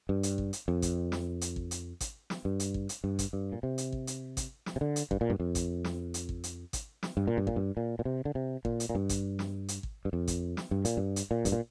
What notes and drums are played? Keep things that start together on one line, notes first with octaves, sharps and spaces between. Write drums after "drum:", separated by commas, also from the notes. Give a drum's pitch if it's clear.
G2
drum: hi-hat
drum: kick
drum: hi-hat
F2
drum: kick, hi-hat
drum: snare
drum: hi-hat
drum: kick
drum: hi-hat
drum: kick, hi-hat
drum: snare
G2
drum: hi-hat
drum: kick
drum: hi-hat
G2
drum: kick, hi-hat
G2
A#2
C3
drum: hi-hat
drum: kick
drum: hi-hat
drum: kick, hi-hat
drum: snare
C3
D3
drum: hi-hat
G2, drum: kick
A#2
G2
F2
drum: kick, hi-hat
drum: snare
drum: hi-hat
drum: kick
drum: hi-hat
drum: kick, hi-hat
drum: snare
G2
A#2
G2
A#2, drum: kick
G2
A#2
A#2
C3
D3
C3
A#2, drum: kick
drum: hi-hat
A#2
G2
drum: kick, hi-hat
drum: snare
drum: hi-hat
drum: kick
G2
F2
drum: kick, hi-hat
drum: snare
G2
A#2, drum: hi-hat
G2
drum: hi-hat
A#2
G2, drum: kick, hi-hat
A#2